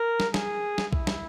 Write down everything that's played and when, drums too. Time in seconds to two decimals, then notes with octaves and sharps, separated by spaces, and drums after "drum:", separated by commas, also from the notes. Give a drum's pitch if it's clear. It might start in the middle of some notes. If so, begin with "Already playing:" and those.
Already playing: A#4
0.20 drum: snare
0.34 G#4, drum: snare
0.78 drum: snare
0.93 E4, drum: kick A#1
1.07 drum: snare